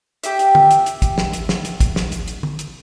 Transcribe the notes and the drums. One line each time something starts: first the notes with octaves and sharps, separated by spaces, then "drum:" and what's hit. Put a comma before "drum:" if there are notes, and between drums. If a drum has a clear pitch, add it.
G4 E5, drum: hi-hat
drum: hi-hat
drum: tom
drum: hi-hat
drum: hi-hat
drum: kick, hi-hat
drum: snare
drum: hi-hat
drum: snare
drum: hi-hat
drum: kick, hi-hat
drum: snare
drum: hi-hat
drum: hi-hat
drum: tom
drum: hi-hat